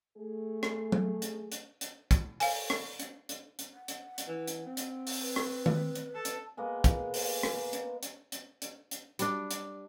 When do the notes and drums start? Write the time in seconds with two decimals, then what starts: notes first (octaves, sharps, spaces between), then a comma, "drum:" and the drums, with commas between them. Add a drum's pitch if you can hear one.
0.17 A3 G#4
0.63 drum: rim click
0.92 drum: tom F#3
1.22 drum: hi-hat
1.52 drum: hi-hat
1.81 drum: hi-hat
2.11 drum: kick, hi-hat
2.40 F5 G#5, drum: open hi-hat
2.70 drum: rim click
3.00 drum: hi-hat
3.29 drum: hi-hat
3.59 drum: hi-hat
3.74 F#5
3.88 drum: hi-hat
4.18 drum: hi-hat
4.27 E3
4.48 drum: hi-hat
4.66 C4
4.77 drum: hi-hat
5.07 drum: open hi-hat
5.21 B4
5.36 drum: rim click
5.66 drum: tom D#3
5.95 drum: hi-hat
6.15 A4
6.25 drum: hi-hat
6.57 G#3 A#3 B3
6.84 drum: kick, hi-hat
7.14 drum: open hi-hat
7.43 drum: rim click
7.73 drum: hi-hat
8.03 drum: hi-hat
8.32 drum: hi-hat
8.62 drum: hi-hat
8.91 drum: hi-hat
9.19 G3 D4, drum: hi-hat
9.51 drum: hi-hat